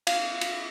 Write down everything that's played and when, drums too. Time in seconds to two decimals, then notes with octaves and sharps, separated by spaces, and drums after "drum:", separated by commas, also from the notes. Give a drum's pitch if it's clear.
0.07 F5, drum: cymbal
0.41 drum: cymbal